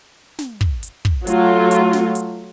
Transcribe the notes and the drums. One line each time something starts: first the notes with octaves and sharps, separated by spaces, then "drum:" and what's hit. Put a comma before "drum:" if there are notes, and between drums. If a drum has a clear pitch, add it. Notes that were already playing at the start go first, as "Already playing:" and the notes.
drum: snare
drum: kick
drum: hi-hat
drum: kick
F#3 A3 F4, drum: hi-hat
drum: hi-hat
drum: snare
drum: hi-hat